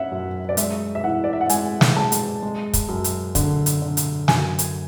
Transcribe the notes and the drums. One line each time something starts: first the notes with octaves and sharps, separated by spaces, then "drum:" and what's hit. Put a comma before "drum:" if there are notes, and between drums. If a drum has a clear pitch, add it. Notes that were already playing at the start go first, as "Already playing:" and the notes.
Already playing: C#4 E5 F#5
F#2
D5
G#3 E5, drum: hi-hat
E5
E3 F#5
D5
E5
F#5
G#3 G#5, drum: hi-hat
drum: snare
G#3 A5
drum: hi-hat
G#3
drum: kick, hi-hat
F#2
drum: hi-hat
D3, drum: kick, hi-hat
drum: hi-hat
D3
drum: hi-hat
F#2 G#5, drum: snare
drum: hi-hat